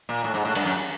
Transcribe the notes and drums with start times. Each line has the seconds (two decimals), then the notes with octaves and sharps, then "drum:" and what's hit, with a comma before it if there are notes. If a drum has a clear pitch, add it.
0.09 A#2
0.24 A2
0.34 G#2
0.45 A2
0.55 G2, drum: cymbal
0.65 F#2